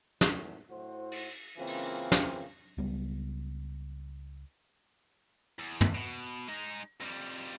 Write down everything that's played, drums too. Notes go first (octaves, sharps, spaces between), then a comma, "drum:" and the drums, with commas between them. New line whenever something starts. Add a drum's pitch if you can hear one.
G#1 E2 A2, drum: snare
A2 E4 F#4 C5
drum: open hi-hat
F#2 C#3 E3 A#3 C4 F4
drum: open hi-hat
drum: snare
C#2 F#3 G3 B3
E2
drum: tom
B2
G#3 D#4
F2 G3